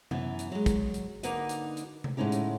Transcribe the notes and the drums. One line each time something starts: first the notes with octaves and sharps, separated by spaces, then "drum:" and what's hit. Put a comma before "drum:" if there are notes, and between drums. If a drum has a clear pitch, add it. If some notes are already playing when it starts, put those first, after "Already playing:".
F#2 E3 B3, drum: tom C3
drum: hi-hat
F#3 G#3
drum: kick, hi-hat
drum: hi-hat
D3 A#3 D#4 F#4 B4 D#5, drum: hi-hat
drum: hi-hat
drum: hi-hat
drum: tom C3
A2 D3 G#3 C#4 D#4 G4
drum: hi-hat